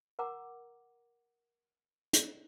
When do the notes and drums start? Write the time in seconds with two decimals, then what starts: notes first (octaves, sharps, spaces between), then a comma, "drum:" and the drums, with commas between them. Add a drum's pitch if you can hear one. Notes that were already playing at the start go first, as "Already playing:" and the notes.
0.19 A#4 F#5 A#5 D6
2.13 drum: hi-hat